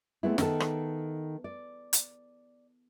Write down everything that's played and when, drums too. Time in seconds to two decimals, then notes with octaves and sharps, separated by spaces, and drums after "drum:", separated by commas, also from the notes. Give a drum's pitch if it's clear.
0.23 G#3 A3 B3 C4 E4
0.38 D#3 B3 A4, drum: snare
0.60 drum: rim click
1.44 D5
1.93 drum: hi-hat